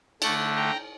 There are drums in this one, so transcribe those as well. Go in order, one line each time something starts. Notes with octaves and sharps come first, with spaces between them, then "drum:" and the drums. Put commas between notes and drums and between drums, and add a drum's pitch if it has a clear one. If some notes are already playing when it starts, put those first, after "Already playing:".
D3 A3 A5 C#6, drum: cymbal
G5 A#5